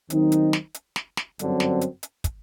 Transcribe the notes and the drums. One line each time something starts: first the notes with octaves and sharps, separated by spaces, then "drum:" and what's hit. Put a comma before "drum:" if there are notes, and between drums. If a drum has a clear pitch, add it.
D#2 D#3 F#3 C4 D#4, drum: hi-hat
drum: hi-hat
drum: snare
drum: hi-hat
drum: snare
drum: snare
G1 F#2 D3 F#3 C4, drum: hi-hat
drum: snare
drum: hi-hat
drum: hi-hat
drum: kick, hi-hat